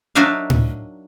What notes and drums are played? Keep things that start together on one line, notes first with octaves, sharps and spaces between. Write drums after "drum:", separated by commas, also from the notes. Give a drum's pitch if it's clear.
F#3 D4 D#4 A#4 E5 F5
drum: tom A2